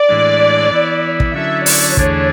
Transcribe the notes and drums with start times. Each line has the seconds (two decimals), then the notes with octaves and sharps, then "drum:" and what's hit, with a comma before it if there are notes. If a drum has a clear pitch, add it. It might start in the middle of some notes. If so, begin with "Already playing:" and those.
Already playing: D5
0.09 A2 E3 G#3 D4
0.72 E3 B3 E4
1.20 drum: kick
1.34 D3 F#3 C#4 E4 A4 E5
1.66 D5, drum: open hi-hat
1.97 E2 D3 A3 D4 G#4 C#5, drum: kick